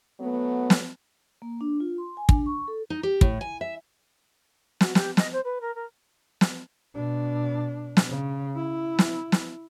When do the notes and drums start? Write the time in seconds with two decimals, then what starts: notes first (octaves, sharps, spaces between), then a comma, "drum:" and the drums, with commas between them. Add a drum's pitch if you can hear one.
0.20 F#3 A3 B3
0.70 drum: snare
1.42 A#3
1.61 D4
1.80 F4
1.98 C6
2.17 G#5
2.29 D4, drum: kick
2.46 C#6
2.68 A4
2.90 D#4
3.03 G4
3.21 A2, drum: kick
3.41 G#5
3.61 E5
4.81 F#4, drum: snare
4.95 G4, drum: snare
5.17 D#5, drum: snare
5.32 C5
5.44 B4
5.61 A#4
5.75 A#4
6.41 drum: snare
6.94 B2 D4
7.97 drum: snare
8.09 C#3
8.56 E4
8.99 drum: snare
9.32 drum: snare